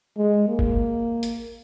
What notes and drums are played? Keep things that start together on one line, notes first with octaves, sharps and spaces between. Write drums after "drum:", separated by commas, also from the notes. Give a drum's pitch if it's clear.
G#3
A#3
drum: kick
drum: hi-hat